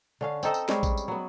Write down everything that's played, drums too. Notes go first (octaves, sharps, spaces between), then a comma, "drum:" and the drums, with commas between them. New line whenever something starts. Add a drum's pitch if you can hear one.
D3 C#4 F5
C4 D#4 A4 D#5, drum: tambourine
drum: tambourine
G3 G#3 C4 C#4, drum: snare
drum: kick A1, tambourine
drum: tambourine
F#3 B3